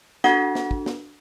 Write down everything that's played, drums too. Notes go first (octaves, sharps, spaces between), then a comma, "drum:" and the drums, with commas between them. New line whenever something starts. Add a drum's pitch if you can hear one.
D4 F#4 A4 F#5, drum: snare
drum: snare
drum: kick
drum: snare